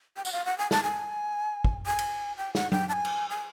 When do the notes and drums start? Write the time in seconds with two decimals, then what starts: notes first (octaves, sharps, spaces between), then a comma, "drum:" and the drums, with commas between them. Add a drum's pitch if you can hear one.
0.17 G5
0.25 F#5, drum: tambourine
0.33 F5
0.45 F#5
0.58 G#5
0.71 A5, drum: snare
0.83 G#5
1.64 drum: kick
1.87 G#5
1.99 drum: cymbal
2.38 G5
2.55 F#5, drum: snare
2.72 G5, drum: tom F#3
2.89 A5
2.93 G#5
3.05 drum: cymbal
3.30 G#5